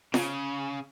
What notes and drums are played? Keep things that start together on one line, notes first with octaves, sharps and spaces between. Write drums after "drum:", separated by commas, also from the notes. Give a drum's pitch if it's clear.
C#3, drum: snare